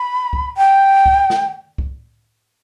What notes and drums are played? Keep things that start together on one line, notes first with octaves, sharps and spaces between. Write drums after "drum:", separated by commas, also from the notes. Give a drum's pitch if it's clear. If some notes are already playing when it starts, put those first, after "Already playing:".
Already playing: B5
drum: kick
G5
drum: kick
drum: snare
drum: kick